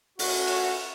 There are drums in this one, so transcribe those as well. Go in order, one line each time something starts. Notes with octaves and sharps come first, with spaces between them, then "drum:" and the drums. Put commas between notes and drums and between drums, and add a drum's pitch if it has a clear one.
A3 C#4 F#4, drum: open hi-hat
C#5, drum: cymbal